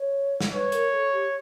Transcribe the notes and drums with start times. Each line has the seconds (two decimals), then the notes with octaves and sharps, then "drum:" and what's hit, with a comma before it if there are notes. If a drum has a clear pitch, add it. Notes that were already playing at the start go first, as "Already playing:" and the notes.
Already playing: C#5
0.41 drum: snare
0.52 B4 C#5
0.72 A#4, drum: hi-hat
0.92 A4
1.12 G4